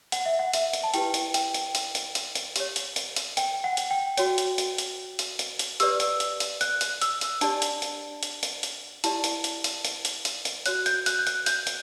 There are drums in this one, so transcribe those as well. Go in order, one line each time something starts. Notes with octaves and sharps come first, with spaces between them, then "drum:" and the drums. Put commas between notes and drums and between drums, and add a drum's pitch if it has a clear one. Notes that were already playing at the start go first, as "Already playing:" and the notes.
F#5, drum: hi-hat
E5
F#5
E5, drum: hi-hat
drum: hi-hat
A5
E4 G4 B4 G5, drum: hi-hat
drum: hi-hat
G5, drum: hi-hat
drum: hi-hat
drum: hi-hat
drum: hi-hat
drum: hi-hat
drum: hi-hat
G4 C#5, drum: hi-hat
drum: hi-hat
drum: hi-hat
drum: hi-hat
G5, drum: hi-hat
F#5
drum: hi-hat
G5
F#4 C#5, drum: hi-hat
drum: hi-hat
drum: hi-hat
drum: hi-hat
drum: hi-hat
drum: hi-hat
drum: hi-hat
G4 B4 D5 E6, drum: hi-hat
drum: hi-hat
drum: hi-hat
drum: hi-hat
F#6, drum: hi-hat
drum: hi-hat
E6, drum: hi-hat
drum: hi-hat
D4 G4 D5 A5, drum: hi-hat
drum: hi-hat
drum: hi-hat
drum: hi-hat
drum: hi-hat
drum: hi-hat
E4 G4 D5 A5, drum: hi-hat
drum: hi-hat
drum: hi-hat
drum: hi-hat
drum: hi-hat
drum: hi-hat
drum: hi-hat
drum: hi-hat
F#4 C#5 F#6, drum: hi-hat
G6, drum: hi-hat
F#6, drum: hi-hat
G6
F#6, drum: hi-hat
G6, drum: hi-hat
drum: hi-hat